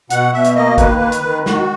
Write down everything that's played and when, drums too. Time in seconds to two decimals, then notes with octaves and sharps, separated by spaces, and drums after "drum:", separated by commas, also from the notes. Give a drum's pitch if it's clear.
0.10 B2 F#5, drum: hi-hat
0.32 B2 E5
0.44 drum: hi-hat
0.55 A#3 D#5
0.78 D#3 B4, drum: kick A1, hi-hat
1.01 D#3
1.12 drum: hi-hat
1.24 D#3
1.46 D#3 F#4, drum: snare